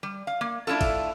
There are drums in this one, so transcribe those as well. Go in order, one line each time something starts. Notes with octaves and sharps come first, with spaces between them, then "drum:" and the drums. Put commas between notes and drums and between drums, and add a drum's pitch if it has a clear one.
G3
F5
A#3
A3 D4 E4 F4 A4
drum: kick, cymbal